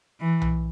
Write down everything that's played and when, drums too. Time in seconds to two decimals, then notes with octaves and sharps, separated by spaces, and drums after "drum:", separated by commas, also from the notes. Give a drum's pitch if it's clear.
0.20 E3
0.42 drum: tom B1